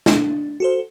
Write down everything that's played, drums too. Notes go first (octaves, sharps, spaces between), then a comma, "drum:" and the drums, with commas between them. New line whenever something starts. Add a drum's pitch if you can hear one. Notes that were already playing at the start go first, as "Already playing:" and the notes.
D4, drum: snare
F#4 A4 C5